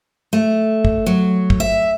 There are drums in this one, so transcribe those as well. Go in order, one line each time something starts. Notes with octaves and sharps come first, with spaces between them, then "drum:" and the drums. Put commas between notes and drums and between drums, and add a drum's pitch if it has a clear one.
A3
drum: kick
F#3
drum: kick
E5